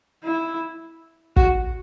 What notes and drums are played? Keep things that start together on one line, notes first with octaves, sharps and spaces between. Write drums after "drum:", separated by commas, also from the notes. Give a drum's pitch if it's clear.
E4
F#4, drum: kick